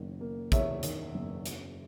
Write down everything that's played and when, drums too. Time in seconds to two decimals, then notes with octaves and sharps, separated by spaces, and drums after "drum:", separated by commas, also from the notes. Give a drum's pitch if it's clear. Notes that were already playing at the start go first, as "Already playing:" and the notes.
Already playing: F#1 D#3
0.21 A#3
0.52 E2 C#5 E5, drum: kick, hi-hat
0.83 D#3, drum: hi-hat
1.15 F#1
1.46 F#3, drum: hi-hat